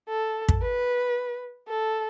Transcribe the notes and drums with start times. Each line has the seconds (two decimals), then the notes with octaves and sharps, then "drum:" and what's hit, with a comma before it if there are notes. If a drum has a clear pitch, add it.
0.08 A4
0.48 drum: kick
0.62 B4
1.68 A4